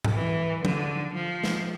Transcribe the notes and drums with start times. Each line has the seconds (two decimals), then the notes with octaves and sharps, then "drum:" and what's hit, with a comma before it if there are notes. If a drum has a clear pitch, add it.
0.04 drum: tom G#2
0.14 E3
0.65 D3, drum: tom F3
1.14 F3
1.44 drum: snare